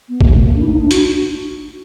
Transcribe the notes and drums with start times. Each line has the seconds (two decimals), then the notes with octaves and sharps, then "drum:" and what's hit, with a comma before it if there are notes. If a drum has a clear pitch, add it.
0.09 B3
0.21 A#3, drum: kick A1
0.32 A3
0.43 A#3
0.55 D4
0.62 E4
0.67 D#4
0.79 D4
0.91 F#4, drum: hi-hat